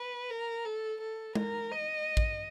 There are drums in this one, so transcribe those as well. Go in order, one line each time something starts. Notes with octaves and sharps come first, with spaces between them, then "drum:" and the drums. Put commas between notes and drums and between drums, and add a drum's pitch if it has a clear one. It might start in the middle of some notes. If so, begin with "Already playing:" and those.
Already playing: B4
A#4
A4
A4
A#4, drum: tom G#3
D#5
drum: kick A1